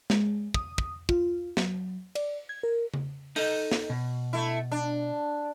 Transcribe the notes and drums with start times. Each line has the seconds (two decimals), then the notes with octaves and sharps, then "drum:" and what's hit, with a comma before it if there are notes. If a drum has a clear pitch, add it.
0.10 G#3, drum: snare
0.54 D#6, drum: kick
0.78 drum: kick
1.09 F4, drum: kick
1.57 F#3, drum: snare
2.15 D5, drum: cymbal
2.49 G#6
2.63 A#4
2.94 drum: tom C#3
3.36 D#4 A4 D#5, drum: open hi-hat
3.71 drum: snare
3.90 B2
4.33 A3 E4
4.72 D4